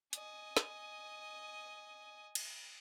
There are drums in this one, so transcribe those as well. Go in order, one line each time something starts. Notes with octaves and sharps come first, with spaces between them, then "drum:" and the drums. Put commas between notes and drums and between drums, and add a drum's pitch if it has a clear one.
D#5 G#5, drum: hi-hat
drum: snare
drum: cymbal